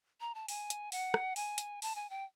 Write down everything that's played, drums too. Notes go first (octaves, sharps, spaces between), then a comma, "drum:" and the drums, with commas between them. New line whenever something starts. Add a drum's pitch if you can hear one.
A#5
A5
G#5, drum: open hi-hat
drum: hi-hat
F#5, drum: open hi-hat
drum: rim click
G#5, drum: open hi-hat
drum: hi-hat
A5, drum: open hi-hat
G#5
G5